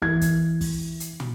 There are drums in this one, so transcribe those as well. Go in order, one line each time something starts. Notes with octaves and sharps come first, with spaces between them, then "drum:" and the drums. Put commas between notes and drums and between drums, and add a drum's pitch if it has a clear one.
E3 G#6, drum: kick
drum: kick, hi-hat
drum: kick, open hi-hat
drum: hi-hat
drum: tom